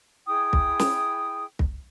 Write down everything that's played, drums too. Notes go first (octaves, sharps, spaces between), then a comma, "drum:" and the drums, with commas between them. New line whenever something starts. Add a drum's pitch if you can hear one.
E4 G#4 G5 D#6
drum: kick
drum: snare
drum: kick